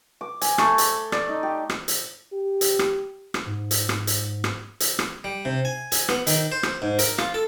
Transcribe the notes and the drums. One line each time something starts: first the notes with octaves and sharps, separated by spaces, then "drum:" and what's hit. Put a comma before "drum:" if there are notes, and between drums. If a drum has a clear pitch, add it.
D6
G#5, drum: hi-hat
A3, drum: rim click
drum: hi-hat
D5, drum: rim click
D#4
G4
drum: rim click
drum: hi-hat
G4
drum: hi-hat
drum: rim click
drum: rim click
G#2
drum: hi-hat
drum: rim click
drum: hi-hat
drum: rim click
drum: hi-hat
drum: rim click
G3
C3
G#5
G#5, drum: hi-hat
B3, drum: rim click
D#3, drum: hi-hat
C5
drum: rim click
G#2
A#4, drum: hi-hat
F4, drum: rim click
A4